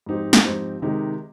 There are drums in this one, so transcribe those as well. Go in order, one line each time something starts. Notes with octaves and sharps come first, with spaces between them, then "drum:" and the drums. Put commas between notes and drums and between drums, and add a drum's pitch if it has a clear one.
G#2 F3 C4 D#4 G4
drum: snare
G#2 F3 C4 D#4 G4
C3 D#3 G#3 D#4 G4